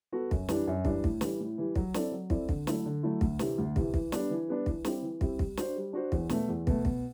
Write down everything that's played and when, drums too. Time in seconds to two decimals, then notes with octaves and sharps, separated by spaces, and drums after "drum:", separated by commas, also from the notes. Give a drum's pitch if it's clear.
0.12 B3 F#4 A4
0.31 F#2, drum: kick
0.49 E3 G3 D4, drum: snare
0.67 F#2
0.85 E3 G3 D4, drum: kick
1.04 A2, drum: kick
1.21 E3 G3, drum: snare
1.40 A2
1.58 E3 G3
1.76 F#3, drum: kick
1.94 C4 E4 A4 D5, drum: snare
2.12 F#3
2.30 C4 E4 A4 D5, drum: kick
2.49 D3, drum: kick
2.67 F#3 A3 E4, drum: snare
2.86 D3
3.03 F#3 A3 E4
3.21 D2, drum: kick
3.39 C3 E3, drum: snare
3.58 D2
3.76 C3 E3, drum: kick
3.94 E3, drum: kick
4.12 G3 B3 D4, drum: snare
4.30 E3
4.48 G3 B3 D4
4.66 E3, drum: kick
4.85 G3 C4 E4 G4, drum: snare
5.02 E3
5.21 G3 C4 E4 G4, drum: kick
5.39 G3, drum: kick
5.57 D4 F#4 C5, drum: snare
5.76 G3
5.93 D4 F#4 C5
6.12 E2, drum: kick
6.29 B2 A3, drum: snare
6.49 E2
6.67 B2 A3, drum: kick
6.85 B2, drum: kick